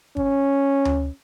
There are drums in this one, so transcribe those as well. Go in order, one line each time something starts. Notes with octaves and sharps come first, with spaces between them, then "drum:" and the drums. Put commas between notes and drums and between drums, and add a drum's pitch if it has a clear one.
C#4, drum: kick
drum: tom D2